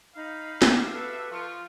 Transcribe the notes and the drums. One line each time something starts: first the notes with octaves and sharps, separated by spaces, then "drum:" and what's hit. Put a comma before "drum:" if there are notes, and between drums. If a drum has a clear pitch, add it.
D#4 F5 B5
F#4 G4 E5, drum: snare
A4 B4
F3 F4 C#6